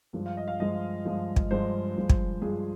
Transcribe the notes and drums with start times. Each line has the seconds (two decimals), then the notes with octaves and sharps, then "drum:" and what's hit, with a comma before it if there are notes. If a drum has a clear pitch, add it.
0.13 G2 F3 G#3
0.26 F5
0.37 D#5
0.48 F5
0.59 G2 F3 G#3 D#5
1.05 G2 F3 G#3
1.36 drum: kick
1.51 G2 F3 G#3 C5
1.96 G2 F3 G#3
2.10 drum: kick
2.42 G2 F3 G#3 G#4